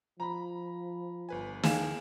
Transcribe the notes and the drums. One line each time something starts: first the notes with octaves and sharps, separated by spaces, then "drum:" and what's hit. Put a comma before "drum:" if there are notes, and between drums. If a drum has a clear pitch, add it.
F3 A#5 B5
G1 B4 G#5
D#2 E3 G#4 F5 E7, drum: snare